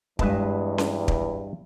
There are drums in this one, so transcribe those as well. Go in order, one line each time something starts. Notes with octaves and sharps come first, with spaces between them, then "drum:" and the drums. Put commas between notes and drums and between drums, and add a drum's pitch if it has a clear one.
E2 G2 G#3 B4 D#5 F5 A5, drum: kick
drum: snare C#4
drum: kick